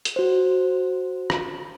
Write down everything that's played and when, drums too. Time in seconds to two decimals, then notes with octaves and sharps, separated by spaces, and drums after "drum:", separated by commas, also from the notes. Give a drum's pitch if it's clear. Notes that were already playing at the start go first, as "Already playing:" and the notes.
0.05 drum: hi-hat
0.16 F#4 C5
1.30 drum: rim click